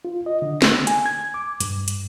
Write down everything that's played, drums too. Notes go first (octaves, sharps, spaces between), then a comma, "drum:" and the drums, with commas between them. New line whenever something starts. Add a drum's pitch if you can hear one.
F4
D#5
D3
drum: snare
G#5, drum: hi-hat
G#6
D6
G2, drum: hi-hat
drum: hi-hat